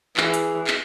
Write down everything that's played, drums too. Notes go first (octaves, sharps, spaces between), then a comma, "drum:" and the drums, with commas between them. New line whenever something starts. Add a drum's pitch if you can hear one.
E3 G#4, drum: clap
drum: hi-hat
drum: clap